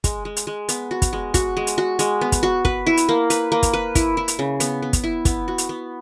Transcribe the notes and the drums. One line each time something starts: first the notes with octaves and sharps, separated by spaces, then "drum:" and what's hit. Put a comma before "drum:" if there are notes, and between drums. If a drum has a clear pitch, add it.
G#3, drum: kick, hi-hat
G#3
drum: hi-hat
G#3
B3, drum: hi-hat
F#4
drum: kick, hi-hat
G#3
F#4, drum: kick, hi-hat
G#3
drum: hi-hat
F#4
G#3, drum: hi-hat
B3
drum: kick, hi-hat
F#4
B4, drum: kick
E4
drum: hi-hat
A#3
B4, drum: hi-hat
A#3
drum: kick, hi-hat
B4
E4, drum: kick, hi-hat
E4
drum: hi-hat
C#3
B3, drum: hi-hat
B3
drum: kick, hi-hat
E4
B3, drum: kick, hi-hat
F#4
drum: hi-hat
B3